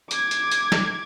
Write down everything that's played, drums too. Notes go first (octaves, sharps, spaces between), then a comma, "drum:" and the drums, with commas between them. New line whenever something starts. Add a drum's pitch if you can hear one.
D6 G#6, drum: hi-hat
drum: hi-hat
drum: hi-hat
drum: snare